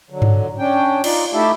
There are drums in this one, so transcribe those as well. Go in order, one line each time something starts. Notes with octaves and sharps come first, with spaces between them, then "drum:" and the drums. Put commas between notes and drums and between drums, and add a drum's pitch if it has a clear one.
D3 F#3
drum: tom G2
C#4 D4 G5
D#4 F4 D5, drum: cymbal
A3 D#4 E4 G4 E5 A5